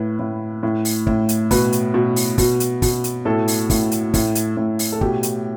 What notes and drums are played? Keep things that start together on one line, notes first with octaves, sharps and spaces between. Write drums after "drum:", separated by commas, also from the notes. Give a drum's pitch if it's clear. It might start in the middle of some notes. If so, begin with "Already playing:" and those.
Already playing: A2 B4
A2
A2
drum: open hi-hat
A2, drum: kick
drum: hi-hat
B2 B4, drum: kick, open hi-hat
drum: hi-hat
B2
drum: open hi-hat
B2, drum: kick, open hi-hat
drum: hi-hat
B2, drum: kick, open hi-hat
drum: hi-hat
A2 A4
drum: open hi-hat
A2, drum: kick, open hi-hat
drum: hi-hat
A2, drum: kick, open hi-hat
drum: hi-hat
A2
drum: open hi-hat
A4
B2 G4, drum: kick
drum: hi-hat